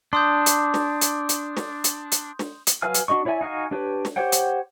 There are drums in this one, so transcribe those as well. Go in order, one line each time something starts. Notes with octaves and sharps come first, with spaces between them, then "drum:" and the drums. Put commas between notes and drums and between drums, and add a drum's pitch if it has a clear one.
D4 C6 D#6 G6
drum: hi-hat
drum: snare
drum: hi-hat
drum: hi-hat
drum: snare
drum: hi-hat
drum: hi-hat
drum: snare
drum: hi-hat
F#3 B4 F5 G#5 F6
drum: hi-hat
D4 F#4 D#5 C#6
E4 C#5 D5 E5 G#5
D#4 F#4 F5 G#5
D4 G4 B4 C#5
drum: snare
G4 C5 C#5 F#5 G5
drum: hi-hat